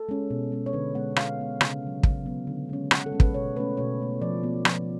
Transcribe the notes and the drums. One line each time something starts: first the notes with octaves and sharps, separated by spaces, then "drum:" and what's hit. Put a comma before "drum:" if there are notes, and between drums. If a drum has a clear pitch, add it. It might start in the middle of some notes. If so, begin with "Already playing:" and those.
Already playing: A4
G#3 C#4
B2
G#3 C#4
C#5
D3 B4
G#3 B3 F#5
D3 F5, drum: rim click
G#3 B3
C#3, drum: rim click
F#3 B3
C#3, drum: kick
F#3 B3
D3
G#3 C#4
D3 F#5, drum: rim click
A4
G#3 C#4
B4, drum: kick
B2 C#5
A3 C#4 B4
B2 C#5
A3 C#4
F3 D5
B3
F3, drum: rim click